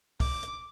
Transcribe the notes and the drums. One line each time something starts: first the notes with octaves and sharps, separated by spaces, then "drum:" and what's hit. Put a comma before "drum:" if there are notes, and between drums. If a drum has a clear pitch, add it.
D6, drum: kick, open hi-hat
drum: hi-hat